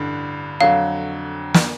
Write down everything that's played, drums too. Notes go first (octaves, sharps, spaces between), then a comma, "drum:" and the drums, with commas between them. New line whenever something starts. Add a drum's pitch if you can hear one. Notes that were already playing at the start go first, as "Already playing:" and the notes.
Already playing: A1 G2 D3
F2 D3 F#3 F5
drum: snare